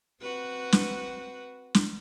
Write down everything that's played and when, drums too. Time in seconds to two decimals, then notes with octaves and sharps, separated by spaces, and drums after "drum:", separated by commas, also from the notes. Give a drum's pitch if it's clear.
0.21 C4 F#4 B4
0.72 drum: snare
1.75 drum: snare